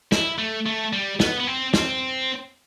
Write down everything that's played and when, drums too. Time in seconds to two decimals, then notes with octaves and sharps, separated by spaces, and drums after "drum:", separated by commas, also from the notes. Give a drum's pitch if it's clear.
0.12 E4, drum: snare
0.38 A3
0.66 A3
0.93 G3
1.20 B3, drum: snare
1.40 B3
1.47 C4
1.74 C4, drum: snare